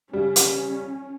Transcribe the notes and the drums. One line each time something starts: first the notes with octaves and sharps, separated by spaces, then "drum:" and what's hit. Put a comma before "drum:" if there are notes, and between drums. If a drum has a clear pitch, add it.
C#3 G3 C#4
drum: hi-hat